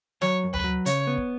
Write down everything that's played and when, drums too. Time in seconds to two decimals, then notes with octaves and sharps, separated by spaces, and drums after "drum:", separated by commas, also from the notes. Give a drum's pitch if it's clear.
0.22 F#3 C#5, drum: snare
0.44 F#2
0.53 B4, drum: tom D2
0.64 F#3
0.86 C#3 C#5, drum: hi-hat
1.07 B3
1.18 drum: kick